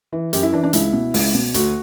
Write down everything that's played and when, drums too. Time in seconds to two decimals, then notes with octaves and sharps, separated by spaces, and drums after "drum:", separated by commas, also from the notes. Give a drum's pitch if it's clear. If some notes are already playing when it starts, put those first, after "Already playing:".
0.12 E3
0.33 F#2 G4, drum: hi-hat
0.43 E4
0.53 E3 D4
0.63 D4
0.73 C#2 E4, drum: hi-hat
0.93 B2
1.14 C#2, drum: open hi-hat
1.34 B2
1.54 D2 F#4, drum: hi-hat